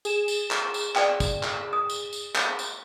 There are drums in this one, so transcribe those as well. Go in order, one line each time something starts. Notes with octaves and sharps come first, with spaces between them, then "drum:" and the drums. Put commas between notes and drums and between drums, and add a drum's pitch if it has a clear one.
G#4 E7, drum: tambourine
drum: tambourine
drum: clap
drum: tambourine
D5 G5, drum: clap
drum: kick, tambourine
drum: clap
D#6
drum: tambourine
drum: tambourine
drum: clap
drum: tambourine